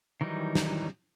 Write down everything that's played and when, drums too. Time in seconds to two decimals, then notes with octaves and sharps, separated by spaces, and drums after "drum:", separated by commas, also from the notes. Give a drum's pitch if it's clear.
0.21 D#3 E3 F#3 G3 D#4
0.55 drum: snare